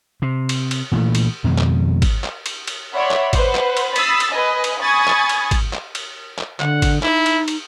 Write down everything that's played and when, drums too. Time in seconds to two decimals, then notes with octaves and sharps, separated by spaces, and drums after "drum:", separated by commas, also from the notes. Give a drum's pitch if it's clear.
0.22 C3
0.49 drum: cymbal
0.71 drum: cymbal
0.92 A#2 E3 A3
1.15 drum: cymbal
1.44 F2 B2 D#3 G#3
1.58 drum: clap
2.02 drum: kick G#1, cymbal
2.24 drum: clap
2.46 drum: cymbal
2.67 drum: cymbal
2.95 C#5 D5 E5 F#5 B5 C6
3.11 drum: clap
3.33 B4 C5 F#5, drum: kick G#1, cymbal
3.55 drum: clap
3.77 drum: cymbal
3.96 B5 D#6 E6 A6 B6 C7, drum: cymbal
4.20 drum: cymbal
4.31 B4 D#5 G#5
4.64 drum: cymbal
4.82 G#5 B5 C#6 D#6 G#6 A6
5.08 drum: clap
5.29 drum: cymbal
5.51 drum: kick G#1, cymbal
5.73 drum: clap
5.95 drum: cymbal
6.39 drum: clap
6.60 D3 F#5, drum: clap
6.82 drum: kick G#1, cymbal
7.03 D#4 E4, drum: clap
7.26 drum: cymbal
7.48 drum: cymbal